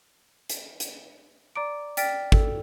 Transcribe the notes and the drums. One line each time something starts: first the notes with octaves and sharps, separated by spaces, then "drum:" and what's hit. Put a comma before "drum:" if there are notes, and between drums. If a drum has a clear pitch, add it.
drum: hi-hat
drum: hi-hat
D5 A#5 D6 D7
D5 G5 F6 A6 B6 D7, drum: hi-hat
A4, drum: kick